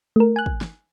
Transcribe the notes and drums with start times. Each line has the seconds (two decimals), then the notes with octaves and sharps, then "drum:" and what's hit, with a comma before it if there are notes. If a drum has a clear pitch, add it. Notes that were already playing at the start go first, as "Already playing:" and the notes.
0.16 A3 A#4
0.36 G#5 F#6
0.46 drum: kick
0.61 drum: snare